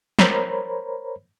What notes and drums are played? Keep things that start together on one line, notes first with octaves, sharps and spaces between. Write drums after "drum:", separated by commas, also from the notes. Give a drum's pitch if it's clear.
A#4 C5 C#5 A#5 B5, drum: snare